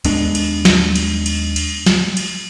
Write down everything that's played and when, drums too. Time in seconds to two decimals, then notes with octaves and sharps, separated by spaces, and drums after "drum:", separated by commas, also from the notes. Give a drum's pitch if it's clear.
0.05 D#2 G#3 B3 D4, drum: cymbal
0.35 drum: cymbal
0.65 drum: snare
0.95 drum: cymbal
1.26 drum: cymbal
1.56 drum: cymbal
1.86 drum: snare
2.17 drum: cymbal